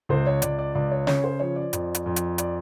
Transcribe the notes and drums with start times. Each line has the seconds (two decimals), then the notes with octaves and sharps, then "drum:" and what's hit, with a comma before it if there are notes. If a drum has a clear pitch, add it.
0.09 C#2 C5
0.27 C#5
0.42 C#2 D5, drum: hi-hat
0.59 D5
0.75 C#2 D5
0.91 C#5
1.07 C#3 C#5, drum: snare
1.24 C5
1.40 F3 C#5
1.56 D5
1.73 F2, drum: hi-hat
1.95 drum: hi-hat
2.06 F2
2.16 drum: hi-hat
2.38 D5, drum: hi-hat